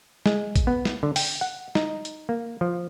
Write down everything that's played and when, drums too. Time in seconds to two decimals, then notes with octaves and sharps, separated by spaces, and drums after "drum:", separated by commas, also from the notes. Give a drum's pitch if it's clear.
0.26 G#3, drum: snare
0.56 drum: kick A#1, hi-hat
0.67 B3
0.85 drum: snare
1.03 D3
1.16 G5, drum: open hi-hat
1.41 F#5
1.75 D#4, drum: snare
2.05 drum: hi-hat
2.29 A#3
2.61 F3